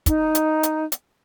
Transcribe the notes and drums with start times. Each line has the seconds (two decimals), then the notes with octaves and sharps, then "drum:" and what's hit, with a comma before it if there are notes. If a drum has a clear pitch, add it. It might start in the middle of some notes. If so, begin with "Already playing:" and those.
0.06 D#4, drum: kick, hi-hat
0.35 drum: hi-hat
0.63 drum: hi-hat
0.92 drum: hi-hat